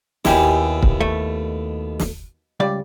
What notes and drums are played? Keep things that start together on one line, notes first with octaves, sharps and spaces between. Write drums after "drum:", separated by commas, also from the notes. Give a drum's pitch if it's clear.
D#2 B2 E4 G4 G#5, drum: snare
drum: kick C#1
A3
drum: snare
C#2 G3 D5